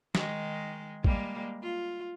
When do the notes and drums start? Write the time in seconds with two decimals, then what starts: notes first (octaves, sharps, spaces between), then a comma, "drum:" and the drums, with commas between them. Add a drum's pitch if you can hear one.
0.15 D#3 G#3, drum: snare
1.04 G3 G#3 A#3, drum: kick A1
1.62 F4